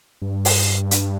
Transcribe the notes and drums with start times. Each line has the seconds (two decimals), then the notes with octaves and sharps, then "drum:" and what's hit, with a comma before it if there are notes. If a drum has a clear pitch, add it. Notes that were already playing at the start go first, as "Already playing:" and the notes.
0.22 G2
0.45 drum: open hi-hat
0.91 drum: hi-hat